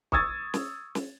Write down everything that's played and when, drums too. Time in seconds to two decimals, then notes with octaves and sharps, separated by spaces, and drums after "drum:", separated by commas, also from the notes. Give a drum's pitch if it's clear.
0.12 C#6 D#6 E6 G#6 A6, drum: kick
0.54 drum: snare
0.95 drum: snare